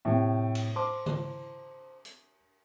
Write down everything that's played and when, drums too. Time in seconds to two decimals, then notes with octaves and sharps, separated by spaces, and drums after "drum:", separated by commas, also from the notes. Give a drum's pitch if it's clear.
0.05 A2 C3 E5 G5
0.55 drum: cymbal
0.76 C5 A5 C6 D6
1.06 drum: tom C#3
2.05 drum: hi-hat